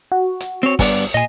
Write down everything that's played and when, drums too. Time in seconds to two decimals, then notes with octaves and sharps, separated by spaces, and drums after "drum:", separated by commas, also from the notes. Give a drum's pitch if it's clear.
0.12 F#4
0.40 drum: hi-hat
0.63 C4 C#5
0.79 G2 B3 D5, drum: kick, open hi-hat
1.14 A#2 D#5 G#5